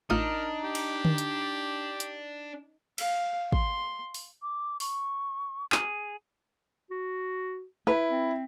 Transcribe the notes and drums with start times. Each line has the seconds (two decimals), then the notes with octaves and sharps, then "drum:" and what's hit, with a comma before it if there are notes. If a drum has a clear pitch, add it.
0.10 A1 D4 D#4 F4 A#4 D#6
0.64 G4
0.75 drum: cymbal
1.05 drum: tom D3
1.18 drum: hi-hat
2.00 drum: hi-hat
2.98 F5, drum: cymbal
3.52 C6, drum: kick
4.14 drum: open hi-hat
4.42 D6
4.80 C#6, drum: open hi-hat
5.72 G#4, drum: clap
6.90 F#4
7.87 E4 B4
8.10 C4